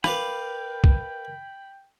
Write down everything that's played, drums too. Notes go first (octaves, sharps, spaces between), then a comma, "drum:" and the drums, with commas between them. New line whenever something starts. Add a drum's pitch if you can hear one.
A#4 B4 D5 F5 G5 B5, drum: rim click
drum: kick